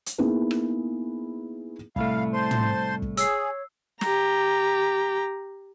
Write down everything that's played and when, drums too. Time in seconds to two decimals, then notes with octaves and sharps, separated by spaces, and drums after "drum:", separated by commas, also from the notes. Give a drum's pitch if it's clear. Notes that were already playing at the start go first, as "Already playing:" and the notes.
0.06 drum: hi-hat
0.18 A#3 B3 D#4 E4 G#4 B4
0.51 drum: rim click
1.96 C2 A2 A3 F5 B5, drum: kick
2.33 C5 A5 C6
2.51 drum: tom
3.02 drum: kick
3.17 G#4 C#5 E6 C7, drum: hi-hat
4.01 G4 A#5, drum: snare